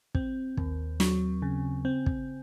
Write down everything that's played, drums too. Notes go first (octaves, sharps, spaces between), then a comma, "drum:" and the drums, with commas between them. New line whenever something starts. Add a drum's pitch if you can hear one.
C4, drum: kick
D#2, drum: kick
F#3, drum: snare
C#3
C4
drum: kick